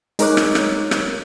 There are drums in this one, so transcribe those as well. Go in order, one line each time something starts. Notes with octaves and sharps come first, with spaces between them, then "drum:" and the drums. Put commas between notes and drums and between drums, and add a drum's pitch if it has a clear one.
G#3 D#4 A#4 C#5 D6 F#6, drum: hi-hat
drum: rim click
drum: rim click
drum: rim click